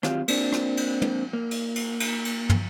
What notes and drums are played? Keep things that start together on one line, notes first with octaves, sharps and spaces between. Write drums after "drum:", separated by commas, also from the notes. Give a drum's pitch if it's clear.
D#3 F#3 C4 F4 G4 F5, drum: rim click
A#3 C4 D4, drum: cymbal
drum: rim click
drum: cymbal
drum: tom
A#3
drum: cymbal
drum: cymbal
drum: cymbal
drum: cymbal
drum: tom